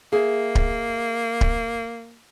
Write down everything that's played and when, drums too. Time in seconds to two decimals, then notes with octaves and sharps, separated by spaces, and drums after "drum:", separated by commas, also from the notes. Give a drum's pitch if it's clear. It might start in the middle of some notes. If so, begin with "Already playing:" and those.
0.13 A#3 G#4 E5
0.55 drum: kick D1
1.41 drum: kick D1